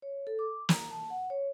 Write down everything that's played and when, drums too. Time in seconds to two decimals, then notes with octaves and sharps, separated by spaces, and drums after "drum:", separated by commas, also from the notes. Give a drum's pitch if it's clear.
0.02 C#5
0.27 A4
0.39 D6
0.69 A#5, drum: snare
0.91 A5
1.10 F#5
1.30 C#5